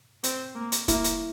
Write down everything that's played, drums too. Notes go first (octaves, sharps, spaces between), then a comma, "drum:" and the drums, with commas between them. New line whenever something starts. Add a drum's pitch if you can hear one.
C4, drum: hi-hat
A#3
drum: hi-hat
A#3 E4, drum: kick, hi-hat
drum: hi-hat